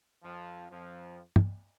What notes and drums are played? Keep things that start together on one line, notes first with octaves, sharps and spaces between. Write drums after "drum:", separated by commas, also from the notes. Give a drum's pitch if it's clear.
F2 F3
F2 F3
drum: tom